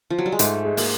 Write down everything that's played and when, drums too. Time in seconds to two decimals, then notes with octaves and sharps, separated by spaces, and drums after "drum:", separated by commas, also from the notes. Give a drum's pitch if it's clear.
0.10 F3
0.18 F#3
0.26 G3
0.32 G#3
0.39 G#2 A3, drum: hi-hat
0.65 G#3
0.77 A#3, drum: open hi-hat